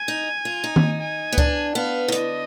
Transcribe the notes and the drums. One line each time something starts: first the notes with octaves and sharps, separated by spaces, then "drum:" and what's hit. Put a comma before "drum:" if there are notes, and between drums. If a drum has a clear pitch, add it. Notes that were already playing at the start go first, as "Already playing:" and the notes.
Already playing: G#5
D#4
F4
D#4
drum: tom D#3
G#5
B3
D4, drum: kick C#2
B3 F5
D#3
D3 D#5, drum: hi-hat